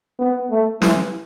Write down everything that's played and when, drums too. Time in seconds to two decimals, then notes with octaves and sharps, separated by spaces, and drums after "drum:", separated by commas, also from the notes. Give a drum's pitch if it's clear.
0.19 B3
0.51 A3
0.82 E3, drum: snare